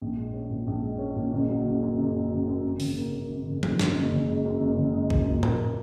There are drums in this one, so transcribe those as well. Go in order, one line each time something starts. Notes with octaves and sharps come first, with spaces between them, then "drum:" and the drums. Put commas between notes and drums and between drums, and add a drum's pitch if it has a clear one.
A#1
G#3
C#4
A#2
A#1
G#3
C#4
A#2
F#1
F#3
F#1
F#2
F#1
F#3
F#1
F#2
G#1
C#3, drum: open hi-hat
A#3
F#2
G#1
C#3
A#3, drum: tom F3
F#2, drum: snare
F#1
C#3
G#3
F#2
F#1
C#3
G#3
F#2, drum: kick B1
A#2
A#3, drum: tom A2
A#2